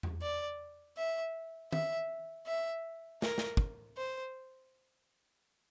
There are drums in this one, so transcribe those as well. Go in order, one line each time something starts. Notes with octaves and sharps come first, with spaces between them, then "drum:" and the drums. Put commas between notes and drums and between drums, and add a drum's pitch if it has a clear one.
drum: tom E2
D5
E5
E5, drum: tom D#3
E5
A#4, drum: snare
drum: snare
drum: kick
C5